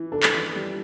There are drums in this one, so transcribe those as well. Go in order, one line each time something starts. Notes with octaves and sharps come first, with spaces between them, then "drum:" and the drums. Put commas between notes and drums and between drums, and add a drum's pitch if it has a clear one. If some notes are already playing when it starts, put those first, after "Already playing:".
Already playing: E3 E4
D4 A4
drum: clap
E3
G3